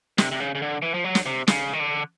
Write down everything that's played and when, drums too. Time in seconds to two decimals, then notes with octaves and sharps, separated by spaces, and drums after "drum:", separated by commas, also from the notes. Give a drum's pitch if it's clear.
0.18 C3, drum: snare
0.32 C3
0.40 C#3
0.55 C#3
0.62 D3
0.82 E3
0.94 F3
1.04 F#3
1.15 drum: snare
1.26 C3
1.48 C#3, drum: snare
1.73 D#3
1.80 D3